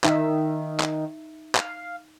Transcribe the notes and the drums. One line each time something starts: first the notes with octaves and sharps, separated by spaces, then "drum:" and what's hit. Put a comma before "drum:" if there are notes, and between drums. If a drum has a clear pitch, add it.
D#3 D#4 E5, drum: clap
drum: clap
F5, drum: clap